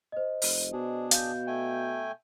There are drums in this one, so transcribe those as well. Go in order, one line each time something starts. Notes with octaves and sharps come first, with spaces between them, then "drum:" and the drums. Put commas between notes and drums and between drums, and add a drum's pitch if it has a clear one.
C5 D#5
F1, drum: open hi-hat
B2 D4 G#4
F5 G6, drum: hi-hat
A3 G5 G#5